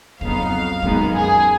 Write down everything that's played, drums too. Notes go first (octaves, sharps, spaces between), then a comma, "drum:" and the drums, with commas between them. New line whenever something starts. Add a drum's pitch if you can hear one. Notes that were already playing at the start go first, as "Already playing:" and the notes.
F2 C#3 F#3 B3 D#4 F5, drum: kick
F#2 D#3 G#3 B3 D#4, drum: kick
G#4